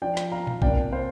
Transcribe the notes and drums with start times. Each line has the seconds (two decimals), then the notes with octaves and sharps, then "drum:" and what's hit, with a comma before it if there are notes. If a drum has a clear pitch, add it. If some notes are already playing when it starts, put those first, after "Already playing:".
0.02 F3 D4 D5 G5
0.17 drum: snare
0.32 F5 A#5
0.47 drum: tom A#2
0.62 C3 A#3 D4 D5 G5, drum: kick A1
0.92 C5 F5